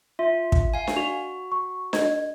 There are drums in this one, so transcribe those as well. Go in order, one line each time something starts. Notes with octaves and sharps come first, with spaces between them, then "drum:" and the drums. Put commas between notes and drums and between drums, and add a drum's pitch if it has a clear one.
F4 E5
drum: kick
F5 G#5
drum: snare D4
F#4 F7
C#6
D#5 G#6, drum: snare D4